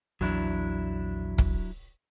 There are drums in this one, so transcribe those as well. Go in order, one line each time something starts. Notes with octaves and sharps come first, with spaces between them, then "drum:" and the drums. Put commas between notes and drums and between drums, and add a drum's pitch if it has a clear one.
A#1 E2 F#3 D4 E4
drum: kick